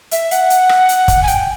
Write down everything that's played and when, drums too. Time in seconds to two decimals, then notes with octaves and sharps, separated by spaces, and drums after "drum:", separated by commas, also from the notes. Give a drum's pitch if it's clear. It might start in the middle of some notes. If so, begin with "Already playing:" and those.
0.11 E5, drum: hi-hat
0.31 F#5, drum: hi-hat
0.50 drum: hi-hat
0.69 drum: rim click
0.89 drum: hi-hat
1.08 drum: kick, hi-hat
1.22 G#5
1.27 G5, drum: hi-hat